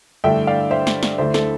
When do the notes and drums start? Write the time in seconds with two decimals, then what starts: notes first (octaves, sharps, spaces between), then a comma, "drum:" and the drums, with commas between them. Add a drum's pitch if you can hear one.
0.24 G2 D3 A3 E4 E5 G5
0.47 D5 F5
0.71 C5 E5
0.87 drum: snare
1.03 drum: snare
1.18 D2 D3 A3 E4 C5 E5
1.34 A4, drum: snare